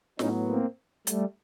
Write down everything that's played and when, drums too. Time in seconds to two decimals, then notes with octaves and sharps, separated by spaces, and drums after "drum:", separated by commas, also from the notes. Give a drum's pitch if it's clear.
0.19 A2 F#3 B3 C#4 D#4, drum: snare
0.49 A#3 C4
1.07 G3 A3, drum: hi-hat